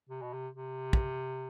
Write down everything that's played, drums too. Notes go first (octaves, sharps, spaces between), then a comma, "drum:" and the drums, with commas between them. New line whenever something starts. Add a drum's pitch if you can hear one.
C3
B2
C3
C3
drum: kick